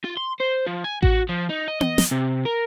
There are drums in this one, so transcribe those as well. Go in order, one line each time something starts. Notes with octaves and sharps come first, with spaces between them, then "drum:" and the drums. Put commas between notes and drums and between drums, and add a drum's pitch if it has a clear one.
F4
C6
C5
F3
G#5
F#4, drum: kick A1
F3
D#4
D#5
D#5, drum: tom B3
drum: snare
C3
A#4